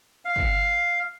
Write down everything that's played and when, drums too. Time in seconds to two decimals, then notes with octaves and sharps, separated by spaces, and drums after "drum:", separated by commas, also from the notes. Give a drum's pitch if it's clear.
0.25 F5
0.36 drum: kick